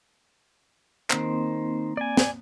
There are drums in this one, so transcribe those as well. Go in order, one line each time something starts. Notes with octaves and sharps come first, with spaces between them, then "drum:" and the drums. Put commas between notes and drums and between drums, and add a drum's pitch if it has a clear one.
D#3 A#3 C4 C5, drum: clap
D5 G#5
drum: snare